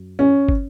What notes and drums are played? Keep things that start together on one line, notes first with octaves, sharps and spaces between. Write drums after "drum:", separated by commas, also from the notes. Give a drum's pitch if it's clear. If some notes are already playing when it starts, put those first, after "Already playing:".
Already playing: F#2
C#4
drum: kick